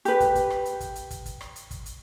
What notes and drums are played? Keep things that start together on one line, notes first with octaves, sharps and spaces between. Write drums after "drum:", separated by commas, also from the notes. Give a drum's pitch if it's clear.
G4 B4, drum: hi-hat
drum: kick, hi-hat
drum: kick, hi-hat
drum: rim click
drum: hi-hat
drum: kick, hi-hat
drum: hi-hat
drum: kick, hi-hat
drum: kick, hi-hat
drum: rim click
drum: hi-hat
drum: kick, hi-hat
drum: hi-hat